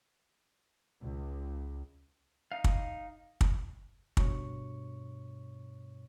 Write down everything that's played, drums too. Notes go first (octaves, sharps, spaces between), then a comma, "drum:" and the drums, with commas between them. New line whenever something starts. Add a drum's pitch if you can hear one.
C#2
D#4 F5
drum: kick
drum: kick
G2 B2 C#5 C#6, drum: kick